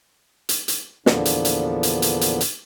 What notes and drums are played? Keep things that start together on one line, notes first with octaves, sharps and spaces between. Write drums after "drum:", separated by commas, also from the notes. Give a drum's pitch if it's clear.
drum: hi-hat
drum: hi-hat
E2 A#2 D3 F3 B3 D4, drum: snare
drum: hi-hat
drum: hi-hat
drum: hi-hat
drum: hi-hat
drum: hi-hat
drum: hi-hat